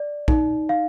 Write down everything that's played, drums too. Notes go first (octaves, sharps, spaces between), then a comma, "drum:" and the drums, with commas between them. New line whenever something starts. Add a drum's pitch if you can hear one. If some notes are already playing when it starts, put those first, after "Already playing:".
Already playing: D5
D#4, drum: kick
F5